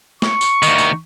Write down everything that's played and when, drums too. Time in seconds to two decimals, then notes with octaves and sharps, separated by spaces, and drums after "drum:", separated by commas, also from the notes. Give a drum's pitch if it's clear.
0.22 C#6, drum: snare
0.41 drum: tambourine
0.63 D2 D#3, drum: tambourine
0.78 drum: tambourine